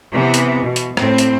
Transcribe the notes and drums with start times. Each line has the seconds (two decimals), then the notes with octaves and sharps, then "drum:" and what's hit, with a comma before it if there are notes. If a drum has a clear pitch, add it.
0.12 C3 E3 B3
0.34 drum: hi-hat
0.64 B2
0.76 drum: hi-hat
0.97 A2 C4, drum: rim click
1.18 drum: hi-hat